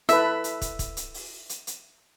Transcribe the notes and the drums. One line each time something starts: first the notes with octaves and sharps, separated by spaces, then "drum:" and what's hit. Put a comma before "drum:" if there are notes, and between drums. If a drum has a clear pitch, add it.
E4 A4 B4 E5, drum: hi-hat
drum: hi-hat
drum: kick, hi-hat
drum: kick, hi-hat
drum: hi-hat
drum: open hi-hat
drum: hi-hat
drum: hi-hat